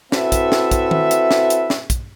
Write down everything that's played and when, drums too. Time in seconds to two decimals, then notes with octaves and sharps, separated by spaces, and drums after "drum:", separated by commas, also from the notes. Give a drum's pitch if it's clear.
0.12 C4 E4 F#4 A4 B4 E5, drum: snare
0.32 drum: kick, hi-hat
0.52 drum: snare
0.71 drum: kick, hi-hat
0.91 drum: tom D#3
1.11 drum: hi-hat
1.31 drum: snare
1.50 drum: hi-hat
1.70 drum: snare
1.90 drum: kick, hi-hat